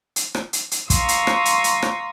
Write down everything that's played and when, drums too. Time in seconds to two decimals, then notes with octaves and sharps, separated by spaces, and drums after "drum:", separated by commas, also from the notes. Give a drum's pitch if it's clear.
0.16 drum: hi-hat
0.34 drum: rim click
0.53 drum: hi-hat
0.71 drum: hi-hat
0.90 F5 A#5 C6 C#6 D#6 E6, drum: kick, hi-hat
1.08 drum: hi-hat
1.27 drum: rim click
1.45 drum: hi-hat
1.64 drum: hi-hat
1.82 drum: rim click